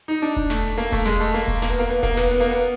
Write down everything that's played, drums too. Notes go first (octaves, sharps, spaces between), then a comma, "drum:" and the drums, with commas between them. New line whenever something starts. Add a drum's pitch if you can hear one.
D#4
D4
drum: kick E1
A3, drum: snare
A#3
A3, drum: kick E1
G#3, drum: snare
A3
A#3
drum: kick E1
A#3, drum: snare
B3
A#3
B3
A#3, drum: kick E1
B3, drum: snare
B3
A#3
B3